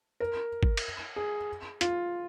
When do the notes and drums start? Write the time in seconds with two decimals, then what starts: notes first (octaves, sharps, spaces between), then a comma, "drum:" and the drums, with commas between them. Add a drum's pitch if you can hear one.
0.20 A#4
0.63 drum: kick
0.77 drum: cymbal
1.16 G#4
1.81 F4, drum: hi-hat